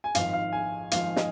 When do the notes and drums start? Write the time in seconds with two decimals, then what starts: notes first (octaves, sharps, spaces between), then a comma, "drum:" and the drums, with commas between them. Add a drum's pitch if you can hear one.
0.04 G#5
0.15 G#1 G#2 F3 F5, drum: hi-hat
0.33 F5
0.52 G#5
0.91 G#1 G#2 F3 F5, drum: hi-hat
1.16 D#5, drum: snare